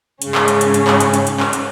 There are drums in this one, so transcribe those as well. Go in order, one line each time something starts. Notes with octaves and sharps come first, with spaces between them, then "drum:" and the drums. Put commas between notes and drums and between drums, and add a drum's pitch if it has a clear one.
G#2 C#3 C#4, drum: hi-hat
drum: clap
drum: hi-hat
drum: hi-hat
drum: hi-hat
drum: clap
drum: hi-hat
drum: hi-hat
drum: hi-hat
drum: clap
drum: hi-hat